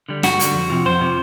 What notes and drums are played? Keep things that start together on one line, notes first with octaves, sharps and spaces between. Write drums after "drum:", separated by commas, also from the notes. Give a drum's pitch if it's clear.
D3 G3
G2 F#4, drum: snare
D3 G3, drum: hi-hat
F2
C3 F3
F2 C5
C3 F3